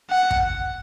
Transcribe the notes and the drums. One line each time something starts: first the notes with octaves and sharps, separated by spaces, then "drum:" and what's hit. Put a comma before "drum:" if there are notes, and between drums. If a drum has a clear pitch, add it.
F#5
drum: kick